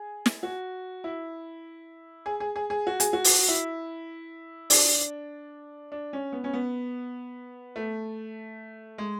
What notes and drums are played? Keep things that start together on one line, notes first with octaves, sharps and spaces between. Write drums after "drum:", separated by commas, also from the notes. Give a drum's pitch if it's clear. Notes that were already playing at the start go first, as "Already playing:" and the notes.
Already playing: G#4
drum: snare
F#4
E4
G#4
G#4
G#4
G#4
F#4
G#4, drum: hi-hat
F#4
drum: open hi-hat
E4
D4, drum: open hi-hat
D4
C#4
B3
C#4
B3
A3
G#3